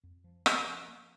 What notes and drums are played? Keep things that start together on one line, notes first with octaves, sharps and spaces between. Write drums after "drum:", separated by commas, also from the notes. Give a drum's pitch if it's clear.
F2
F3
F3, drum: rim click
F3
A#3